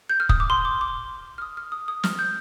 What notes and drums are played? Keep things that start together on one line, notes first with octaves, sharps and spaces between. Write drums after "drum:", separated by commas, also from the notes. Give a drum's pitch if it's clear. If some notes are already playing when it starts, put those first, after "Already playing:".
G6
F6
D#6, drum: kick
D6
C6
D6
D6
F6
D#6
F6
D#6
D#6
F6, drum: snare
G6